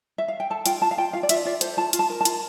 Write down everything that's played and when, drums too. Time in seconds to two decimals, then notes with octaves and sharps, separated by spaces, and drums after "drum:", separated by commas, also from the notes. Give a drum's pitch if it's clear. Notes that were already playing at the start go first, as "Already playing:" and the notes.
0.18 E5
0.28 F5
0.40 G5
0.50 A4 A5
0.66 F4 G5, drum: hi-hat
0.81 F4 A5
0.91 F5
0.98 F4 G5
1.13 F4 F5
1.23 D5
1.29 F4 E5, drum: hi-hat
1.45 F4 D5
1.61 A4 C5, drum: hi-hat
1.77 F4 A5
1.93 F4, drum: hi-hat
1.99 A5
2.10 A#4
2.21 A5
2.25 F4, drum: hi-hat